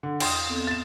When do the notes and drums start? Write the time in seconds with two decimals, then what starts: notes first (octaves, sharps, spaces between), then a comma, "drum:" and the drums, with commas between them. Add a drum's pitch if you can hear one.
0.03 D3
0.20 E2 G5 C6 D#6, drum: cymbal
0.50 B3 C4 A4
0.67 A6 E7